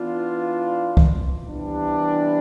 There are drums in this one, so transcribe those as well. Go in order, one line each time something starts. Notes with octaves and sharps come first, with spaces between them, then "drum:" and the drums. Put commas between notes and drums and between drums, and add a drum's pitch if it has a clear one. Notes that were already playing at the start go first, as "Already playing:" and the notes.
Already playing: E3 B3 D4 F4
drum: kick C2
C3 E3 G3 B3 D4